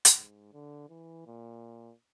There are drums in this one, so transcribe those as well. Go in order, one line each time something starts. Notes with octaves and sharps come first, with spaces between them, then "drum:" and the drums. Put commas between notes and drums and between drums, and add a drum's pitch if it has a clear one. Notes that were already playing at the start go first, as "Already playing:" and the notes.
drum: hi-hat
G#2
D3
E3
A#2